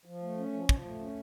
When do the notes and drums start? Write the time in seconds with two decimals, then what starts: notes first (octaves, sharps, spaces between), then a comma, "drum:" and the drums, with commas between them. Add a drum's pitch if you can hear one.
0.05 F3
0.22 A3
0.38 C#4
0.53 F3
0.69 F3, drum: kick
0.85 A3
1.00 C#4